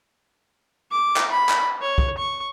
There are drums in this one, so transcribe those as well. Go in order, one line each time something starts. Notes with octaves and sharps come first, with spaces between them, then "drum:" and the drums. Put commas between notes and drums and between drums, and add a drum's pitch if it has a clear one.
D6
drum: clap
B5
drum: clap
C#5
drum: kick
C#6